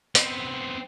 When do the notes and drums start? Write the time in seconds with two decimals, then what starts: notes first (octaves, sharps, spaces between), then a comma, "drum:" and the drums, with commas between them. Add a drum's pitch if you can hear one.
0.15 B3 C4, drum: hi-hat